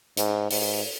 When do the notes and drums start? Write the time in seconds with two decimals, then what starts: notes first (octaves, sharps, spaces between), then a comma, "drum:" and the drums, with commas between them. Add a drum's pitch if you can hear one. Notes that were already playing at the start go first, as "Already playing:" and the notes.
0.17 G#2, drum: hi-hat
0.51 G#2, drum: open hi-hat